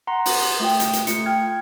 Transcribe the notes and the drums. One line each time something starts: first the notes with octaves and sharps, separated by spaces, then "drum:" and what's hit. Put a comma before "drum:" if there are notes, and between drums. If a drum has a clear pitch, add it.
F#5 A#5 C6
drum: open hi-hat
A3 F4 G5
drum: hi-hat
drum: hi-hat
A3 F4 C#7, drum: hi-hat
G5 F6 G#6